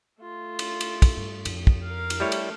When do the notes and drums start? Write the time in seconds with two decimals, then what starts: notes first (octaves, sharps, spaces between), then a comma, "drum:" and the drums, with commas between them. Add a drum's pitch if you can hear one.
0.21 A3 F4
0.59 drum: cymbal
0.81 drum: cymbal
1.02 drum: kick, cymbal
1.17 G2
1.45 F2, drum: cymbal
1.67 drum: kick
1.85 A#4 F5
2.10 drum: cymbal
2.20 G3 A3 E4 C#5
2.32 drum: cymbal